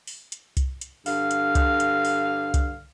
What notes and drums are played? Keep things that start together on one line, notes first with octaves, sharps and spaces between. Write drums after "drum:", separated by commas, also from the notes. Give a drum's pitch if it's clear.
drum: open hi-hat
drum: hi-hat
drum: kick C2, hi-hat
drum: hi-hat
G2 D3 F5, drum: open hi-hat
drum: hi-hat
drum: kick C2, hi-hat
drum: hi-hat
drum: open hi-hat
drum: kick C2, hi-hat